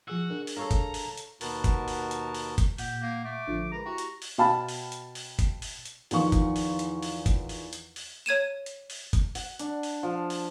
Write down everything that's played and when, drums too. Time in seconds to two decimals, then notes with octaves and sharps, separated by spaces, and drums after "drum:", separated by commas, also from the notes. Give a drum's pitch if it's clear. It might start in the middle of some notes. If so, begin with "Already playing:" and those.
0.08 F3 F#4 G#4 E6
0.30 D4 G#4 A#4
0.47 drum: open hi-hat
0.57 A4 C#5 F5 A#5
0.71 drum: kick, hi-hat
0.94 drum: open hi-hat
1.17 drum: hi-hat
1.41 D#2 B2 B3 F#4 A#4 A5, drum: open hi-hat
1.64 drum: kick, hi-hat
1.88 drum: open hi-hat
2.11 drum: hi-hat
2.34 drum: open hi-hat
2.58 drum: kick, hi-hat
2.78 A#2 G4 F#5, drum: open hi-hat
3.02 A#3
3.24 A3 D6
3.47 A1 D3 F3
3.72 G#3 A#4 B4 A#5
3.86 E4 F#4 G4
3.98 drum: hi-hat
4.22 drum: open hi-hat
4.38 B2 F5 G5 A5 B5 F6
4.68 drum: open hi-hat
4.92 drum: hi-hat
5.15 drum: open hi-hat
5.39 drum: kick, hi-hat
5.62 drum: open hi-hat
5.86 drum: hi-hat
6.11 E2 D#3 F3 F5 C6 C#6, drum: open hi-hat
6.32 drum: kick, hi-hat
6.56 drum: open hi-hat
6.79 drum: hi-hat
7.03 drum: open hi-hat
7.26 drum: kick, hi-hat
7.49 drum: open hi-hat
7.73 drum: hi-hat
7.96 drum: open hi-hat
8.26 C#5 G#6 D#7 E7
8.66 drum: hi-hat
8.90 drum: open hi-hat
9.13 drum: kick, hi-hat
9.35 F#5, drum: open hi-hat
9.59 D4, drum: hi-hat
9.83 drum: open hi-hat
10.03 F3
10.30 drum: open hi-hat